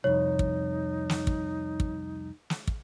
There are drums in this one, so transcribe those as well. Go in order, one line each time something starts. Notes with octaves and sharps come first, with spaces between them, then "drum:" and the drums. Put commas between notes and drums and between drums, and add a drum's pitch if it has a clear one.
C2 F2 D#4 C#5
drum: kick
drum: snare
drum: kick
drum: kick
drum: snare
drum: kick